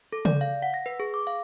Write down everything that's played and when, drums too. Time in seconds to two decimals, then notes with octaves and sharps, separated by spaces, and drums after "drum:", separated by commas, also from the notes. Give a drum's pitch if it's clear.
0.13 A4
0.25 D5, drum: tom C#3
0.41 F5
0.62 F#5
0.74 A#6
0.86 B4
1.00 G#4
1.14 D6
1.27 F5